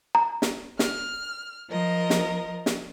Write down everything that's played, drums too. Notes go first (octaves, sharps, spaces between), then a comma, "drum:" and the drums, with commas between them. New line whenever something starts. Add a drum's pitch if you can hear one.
A#5
drum: snare
F6, drum: snare
F3 A#4 D#5
drum: snare
drum: snare